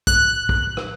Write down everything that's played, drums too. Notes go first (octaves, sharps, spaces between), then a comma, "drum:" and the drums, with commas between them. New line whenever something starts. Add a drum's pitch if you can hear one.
F#6, drum: kick
drum: kick
drum: rim click